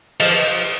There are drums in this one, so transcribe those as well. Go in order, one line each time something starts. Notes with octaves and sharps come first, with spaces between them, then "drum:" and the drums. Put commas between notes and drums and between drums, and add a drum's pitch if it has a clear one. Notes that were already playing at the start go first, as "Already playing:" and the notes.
F3 D#5, drum: cymbal